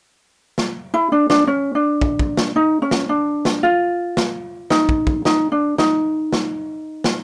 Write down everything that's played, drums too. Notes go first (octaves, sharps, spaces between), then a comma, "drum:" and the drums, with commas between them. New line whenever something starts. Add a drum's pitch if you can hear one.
drum: snare
E4
D4
D4, drum: snare
C#4
D4
drum: kick
drum: kick
drum: snare
D#4
C#4
drum: snare
D4
drum: snare
F4
drum: snare
D#4, drum: snare
drum: kick
drum: kick
D#4, drum: snare
D4
D#4, drum: snare
drum: snare
drum: snare